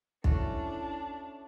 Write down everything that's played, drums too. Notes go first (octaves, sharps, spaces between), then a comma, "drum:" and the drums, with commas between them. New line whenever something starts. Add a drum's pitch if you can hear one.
A3 C#4 D4 E4 F#4, drum: kick